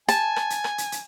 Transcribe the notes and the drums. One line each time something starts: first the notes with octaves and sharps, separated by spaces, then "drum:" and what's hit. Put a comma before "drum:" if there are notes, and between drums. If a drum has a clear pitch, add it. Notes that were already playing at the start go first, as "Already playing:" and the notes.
G#5 A5, drum: hi-hat
drum: rim click
drum: hi-hat
drum: rim click
drum: hi-hat
drum: hi-hat